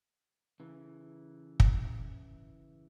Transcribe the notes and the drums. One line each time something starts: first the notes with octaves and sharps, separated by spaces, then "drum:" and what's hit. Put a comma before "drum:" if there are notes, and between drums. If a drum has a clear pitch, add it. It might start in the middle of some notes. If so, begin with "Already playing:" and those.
C#3 E3
drum: kick